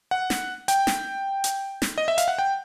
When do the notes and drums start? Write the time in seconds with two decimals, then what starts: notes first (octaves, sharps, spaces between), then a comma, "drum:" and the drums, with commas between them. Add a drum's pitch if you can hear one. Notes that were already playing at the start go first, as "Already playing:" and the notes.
0.11 F#5
0.30 drum: snare
0.68 G5, drum: hi-hat
0.87 drum: snare
1.44 drum: hi-hat
1.82 drum: snare
1.98 D#5
2.08 E5
2.18 F5, drum: hi-hat
2.28 F#5
2.38 G5